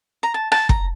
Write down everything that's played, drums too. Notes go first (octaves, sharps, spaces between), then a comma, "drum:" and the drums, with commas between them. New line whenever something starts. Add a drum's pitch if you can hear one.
A#5
A5
A5, drum: rim click
A#5, drum: kick